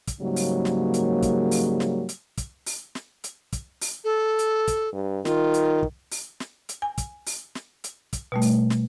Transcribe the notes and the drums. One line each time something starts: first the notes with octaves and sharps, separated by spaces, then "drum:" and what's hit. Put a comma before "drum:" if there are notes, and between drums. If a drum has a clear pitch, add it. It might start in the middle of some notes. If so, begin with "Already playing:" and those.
drum: kick, hi-hat
G#2 C#3 F#3 G3 A#3
drum: open hi-hat
drum: snare
drum: hi-hat
drum: kick, hi-hat
drum: open hi-hat
drum: snare
drum: hi-hat
drum: kick, hi-hat
drum: open hi-hat
drum: snare
drum: hi-hat
drum: kick, hi-hat
drum: open hi-hat
A4
drum: hi-hat
drum: kick, hi-hat
G2
D#3 F4, drum: snare
drum: hi-hat
drum: kick
drum: open hi-hat
drum: snare
drum: hi-hat
G#5
drum: kick, hi-hat
drum: open hi-hat
drum: snare
drum: hi-hat
drum: kick, hi-hat
B2 G3 A3
drum: open hi-hat
drum: snare